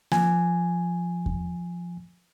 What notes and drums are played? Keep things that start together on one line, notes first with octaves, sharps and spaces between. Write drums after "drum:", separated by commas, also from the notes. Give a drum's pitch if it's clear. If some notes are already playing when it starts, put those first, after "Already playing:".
F3 G#5, drum: snare A#3
drum: kick E2